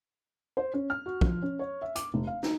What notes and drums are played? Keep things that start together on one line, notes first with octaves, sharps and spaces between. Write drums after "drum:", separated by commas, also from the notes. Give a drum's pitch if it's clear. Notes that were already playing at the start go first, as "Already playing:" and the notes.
C5
C#4
F6
F#4
F3, drum: kick
C#4
C#5
E5
D6, drum: hi-hat
F1
F5
D#4, drum: snare